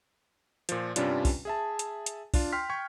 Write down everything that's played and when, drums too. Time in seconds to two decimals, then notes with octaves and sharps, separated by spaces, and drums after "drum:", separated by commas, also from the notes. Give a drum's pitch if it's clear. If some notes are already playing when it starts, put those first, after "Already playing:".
0.69 A#2 F3, drum: hi-hat
0.96 G2 C3 G3 C#4 D4 F4, drum: hi-hat
1.25 drum: kick, open hi-hat
1.45 G#4 E5 A5
1.79 drum: hi-hat
2.06 drum: hi-hat
2.34 D4 F4, drum: kick, open hi-hat
2.52 G5 C6 F6 B6
2.69 G5 C#6 G#6